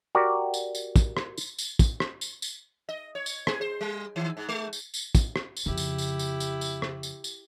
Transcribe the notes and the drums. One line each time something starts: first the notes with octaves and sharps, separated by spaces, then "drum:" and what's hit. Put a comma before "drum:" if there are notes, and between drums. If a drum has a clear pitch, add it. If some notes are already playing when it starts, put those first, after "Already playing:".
F#4 G4 A#4 D5
drum: tambourine
drum: tambourine
drum: kick, tambourine
drum: rim click
drum: tambourine
drum: tambourine
drum: kick, tambourine
drum: rim click
drum: tambourine
drum: tambourine
D#5
C#5
drum: tambourine
G#4, drum: rim click
C5
G3
D#3
G#2
G#3
drum: tambourine
drum: tambourine
drum: kick, tambourine
drum: rim click
drum: tambourine
F2 C#3 E4 G4
drum: tambourine
drum: tambourine
drum: tambourine
drum: tambourine
drum: tambourine
drum: rim click
drum: tambourine
drum: tambourine